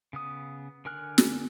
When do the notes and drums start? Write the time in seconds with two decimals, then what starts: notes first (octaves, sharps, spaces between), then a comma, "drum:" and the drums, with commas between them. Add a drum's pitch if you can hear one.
0.13 C#3 B3 D#6
0.85 D3 A#4 G#5 F6 F#6
1.18 drum: snare